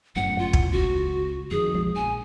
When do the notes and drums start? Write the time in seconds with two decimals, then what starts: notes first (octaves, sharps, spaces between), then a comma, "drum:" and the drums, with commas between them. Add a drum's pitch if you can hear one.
0.16 G1 F#2 A2 F#5
0.39 F4
0.53 drum: kick
0.72 C#2 F#4
1.51 F2 D#3 G#4
1.74 B1 F3 G#3
1.96 A#1 G#5